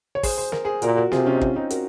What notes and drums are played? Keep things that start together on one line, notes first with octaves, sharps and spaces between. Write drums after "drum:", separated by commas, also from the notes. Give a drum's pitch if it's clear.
C#5
G#4 C5, drum: kick, open hi-hat
C5
A#4, drum: snare
G#4 C5
A#2 F#4 A#4, drum: hi-hat
F#4 A#4
C3 F4 G#4, drum: snare
C#4 F4
D#4
C#4 F4, drum: kick
C4 D#4
F#4 A#4, drum: hi-hat